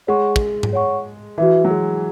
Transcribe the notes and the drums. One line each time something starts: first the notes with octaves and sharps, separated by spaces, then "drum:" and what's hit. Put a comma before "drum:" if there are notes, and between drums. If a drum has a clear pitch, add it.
G#3 C#5 F#5 C#6
drum: kick
drum: tom G#2
C#5 F#5 C#6
E3 F#4 B4 E5
F#3
G#3